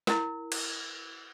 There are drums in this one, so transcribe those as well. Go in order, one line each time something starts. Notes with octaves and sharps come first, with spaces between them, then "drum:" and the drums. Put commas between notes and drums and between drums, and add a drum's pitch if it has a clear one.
E4 A#4, drum: snare
drum: cymbal